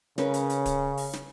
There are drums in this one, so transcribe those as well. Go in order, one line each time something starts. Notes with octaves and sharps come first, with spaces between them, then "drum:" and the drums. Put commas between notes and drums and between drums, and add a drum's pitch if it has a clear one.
C#3 C#4 A#4 B4, drum: snare
drum: hi-hat
drum: hi-hat
drum: kick D1, hi-hat
drum: open hi-hat
drum: snare